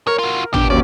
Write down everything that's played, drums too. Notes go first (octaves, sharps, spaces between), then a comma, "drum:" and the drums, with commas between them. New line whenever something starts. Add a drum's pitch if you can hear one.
A#4 C#5
F4 F#4
B1 B3 D4 G4, drum: tom G#1
D#2 C#4 F#4 G4 D5